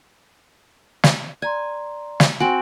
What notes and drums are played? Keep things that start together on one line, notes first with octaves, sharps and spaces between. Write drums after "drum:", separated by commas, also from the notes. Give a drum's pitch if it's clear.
drum: snare
D5 G#5 A#5 C6
drum: snare
C4 F#4 G#5 D7 F#7